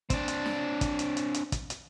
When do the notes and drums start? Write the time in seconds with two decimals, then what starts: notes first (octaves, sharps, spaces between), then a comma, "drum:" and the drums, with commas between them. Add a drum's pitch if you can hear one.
0.10 C4 D4, drum: kick, hi-hat
0.28 drum: hi-hat
0.46 drum: snare
0.81 drum: kick, hi-hat
0.99 drum: hi-hat
1.17 drum: hi-hat
1.34 drum: hi-hat
1.52 drum: kick, hi-hat
1.70 drum: hi-hat